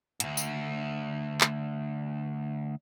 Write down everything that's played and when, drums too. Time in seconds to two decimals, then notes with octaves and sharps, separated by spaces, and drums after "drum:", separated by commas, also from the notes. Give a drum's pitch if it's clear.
0.20 D2 G#2, drum: hi-hat
0.37 drum: tambourine
1.41 drum: clap